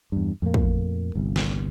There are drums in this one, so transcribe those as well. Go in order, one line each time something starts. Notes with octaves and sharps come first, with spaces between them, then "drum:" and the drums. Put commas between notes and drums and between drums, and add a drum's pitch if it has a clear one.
E2 G2
F2 A#2 A3 A#3
drum: kick
G1 C2
drum: snare